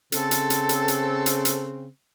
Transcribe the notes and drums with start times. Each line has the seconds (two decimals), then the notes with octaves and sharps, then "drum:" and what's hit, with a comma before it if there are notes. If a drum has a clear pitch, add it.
0.12 C#3 C4 A4, drum: hi-hat
0.31 drum: hi-hat
0.50 drum: hi-hat
0.69 drum: hi-hat
0.88 drum: hi-hat
1.26 drum: hi-hat
1.45 drum: hi-hat